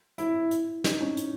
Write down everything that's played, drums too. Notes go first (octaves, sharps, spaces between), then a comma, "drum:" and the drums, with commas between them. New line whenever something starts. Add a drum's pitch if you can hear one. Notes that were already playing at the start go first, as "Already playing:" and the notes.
E4, drum: hi-hat
drum: hi-hat
D#4, drum: snare
C#4
drum: hi-hat